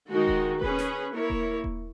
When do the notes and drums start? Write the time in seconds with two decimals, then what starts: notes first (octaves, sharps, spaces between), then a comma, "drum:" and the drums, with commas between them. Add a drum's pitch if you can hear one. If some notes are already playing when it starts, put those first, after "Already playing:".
0.10 D#3 G#3 D#4 F#4
0.27 drum: kick D#1
0.62 C#4 G#4 B4, drum: kick D#1
0.79 drum: snare
1.12 A#3 E4 A#4 C#5
1.30 drum: kick D#1
1.64 drum: kick D#1